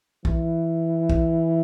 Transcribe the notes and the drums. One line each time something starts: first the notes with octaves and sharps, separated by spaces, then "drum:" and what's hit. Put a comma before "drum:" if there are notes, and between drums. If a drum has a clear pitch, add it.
E3, drum: kick B1
drum: kick B1